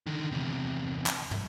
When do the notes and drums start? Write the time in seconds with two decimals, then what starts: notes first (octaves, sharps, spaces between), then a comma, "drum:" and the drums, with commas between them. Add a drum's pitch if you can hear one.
0.07 D3 D#3
0.32 E2 C3
1.06 drum: clap
1.31 drum: tom